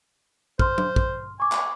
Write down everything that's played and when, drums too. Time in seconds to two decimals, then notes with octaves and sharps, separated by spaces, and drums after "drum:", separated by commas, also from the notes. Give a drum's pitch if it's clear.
0.59 C5 C6 F6, drum: kick
0.78 drum: tom F#3
0.96 drum: kick
1.40 G#5 C#6 D6
1.52 drum: clap